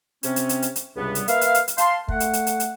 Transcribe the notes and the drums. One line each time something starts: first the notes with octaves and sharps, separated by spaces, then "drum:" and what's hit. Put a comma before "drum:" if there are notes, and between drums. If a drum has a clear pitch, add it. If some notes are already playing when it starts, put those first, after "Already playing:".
C3 C4 C#4, drum: hi-hat
drum: hi-hat
drum: hi-hat
drum: hi-hat
drum: hi-hat
C#2 G2 C3 G3 B3
drum: hi-hat
A#3 B4 E5 F5, drum: hi-hat
drum: hi-hat
drum: hi-hat
drum: hi-hat
F5 A5 C6, drum: hi-hat
A3 F#5, drum: kick
drum: hi-hat
drum: hi-hat
drum: hi-hat
drum: hi-hat